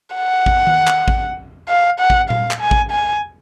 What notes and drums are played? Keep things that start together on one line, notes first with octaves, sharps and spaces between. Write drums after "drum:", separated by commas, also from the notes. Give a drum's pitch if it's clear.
F#5
drum: kick A1
drum: tom D#3
drum: clap
drum: kick A1
F5
F#5
drum: kick A1
F5, drum: tom A#2
drum: clap
G#5
drum: kick A1
G#5